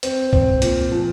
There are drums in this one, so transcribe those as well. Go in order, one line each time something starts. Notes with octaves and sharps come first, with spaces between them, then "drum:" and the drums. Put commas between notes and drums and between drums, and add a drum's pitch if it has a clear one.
C4, drum: hi-hat
C4, drum: kick
A#2, drum: hi-hat
F3